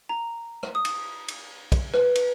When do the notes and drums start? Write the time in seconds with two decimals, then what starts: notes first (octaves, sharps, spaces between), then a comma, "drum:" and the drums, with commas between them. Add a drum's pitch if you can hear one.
0.09 A#5
0.63 drum: rim click
0.75 D#6
0.85 drum: cymbal
1.28 drum: cymbal
1.72 drum: kick, cymbal
1.94 B4, drum: rim click
2.15 drum: cymbal